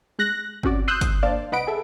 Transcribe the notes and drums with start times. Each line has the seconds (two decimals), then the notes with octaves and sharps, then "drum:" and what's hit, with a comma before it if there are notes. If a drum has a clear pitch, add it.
0.19 G#3 F#6 A#6
0.63 C4 C#4 F#4 D5, drum: kick
0.88 C6 D#6 E6 F#6 G6
1.01 drum: kick, hi-hat
1.23 A#3 D4 C5 D5 F5 A5
1.52 C2 B4 D#5 F#5 B5 D7
1.67 G#4 A4 E5